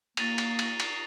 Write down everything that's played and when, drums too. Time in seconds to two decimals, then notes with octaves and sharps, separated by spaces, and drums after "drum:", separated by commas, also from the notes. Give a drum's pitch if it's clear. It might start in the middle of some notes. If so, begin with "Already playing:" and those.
0.17 A#3 A6 D#7 F7, drum: cymbal
0.38 drum: cymbal
0.59 drum: cymbal
0.80 drum: cymbal